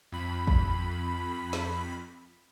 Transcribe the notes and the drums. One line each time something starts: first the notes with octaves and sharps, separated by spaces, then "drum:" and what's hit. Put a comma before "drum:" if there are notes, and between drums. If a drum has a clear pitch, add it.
F2 B5
drum: kick A1
drum: snare